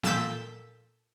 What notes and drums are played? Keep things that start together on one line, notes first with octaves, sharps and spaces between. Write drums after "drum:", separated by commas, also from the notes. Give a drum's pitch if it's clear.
A#2 A4 A5 E6 G6 B6, drum: snare